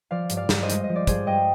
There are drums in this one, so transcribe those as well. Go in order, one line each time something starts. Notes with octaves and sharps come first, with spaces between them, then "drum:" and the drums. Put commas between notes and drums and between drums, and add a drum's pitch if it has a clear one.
F3 D5 F5
G2, drum: hi-hat
D5 F5
G2, drum: snare
C5 D#5
G#3, drum: hi-hat
D#5
F3
D5
G2 G#4 C5, drum: kick, hi-hat
G2 D#5 G5